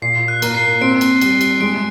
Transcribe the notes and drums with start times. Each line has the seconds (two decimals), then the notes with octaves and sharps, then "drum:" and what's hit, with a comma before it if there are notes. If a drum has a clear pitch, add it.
0.02 A#2 C7
0.28 F#6
0.42 A#3, drum: cymbal
0.55 C7
0.81 C4 D7
1.01 drum: cymbal
1.21 G3, drum: cymbal
1.41 drum: cymbal
1.60 G#3 D7